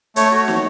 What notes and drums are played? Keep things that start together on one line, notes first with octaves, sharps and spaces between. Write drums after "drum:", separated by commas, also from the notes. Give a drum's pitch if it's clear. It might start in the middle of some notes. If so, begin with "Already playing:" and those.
A3 C#5, drum: hi-hat
F#4
A3, drum: snare